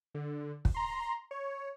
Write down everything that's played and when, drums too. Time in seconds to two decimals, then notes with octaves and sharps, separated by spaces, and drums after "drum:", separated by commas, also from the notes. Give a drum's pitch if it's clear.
0.14 D3
0.65 drum: kick
0.74 A#5 C6
1.31 C#5